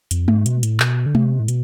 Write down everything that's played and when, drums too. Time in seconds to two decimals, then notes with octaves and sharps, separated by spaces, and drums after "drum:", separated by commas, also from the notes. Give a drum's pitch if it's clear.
0.11 F2, drum: hi-hat
0.28 G#2, drum: tom G#3
0.46 B2, drum: hi-hat
0.63 A2, drum: hi-hat
0.80 B2, drum: clap
1.06 D3
1.15 C3, drum: tom G#3
1.40 A2
1.48 B2, drum: hi-hat